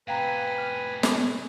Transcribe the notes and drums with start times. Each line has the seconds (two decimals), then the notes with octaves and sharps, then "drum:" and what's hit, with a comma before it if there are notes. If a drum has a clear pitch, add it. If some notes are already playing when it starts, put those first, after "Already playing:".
0.08 A2 C3 B4 F5 G5 G#5 A#5
0.58 F6
1.03 drum: snare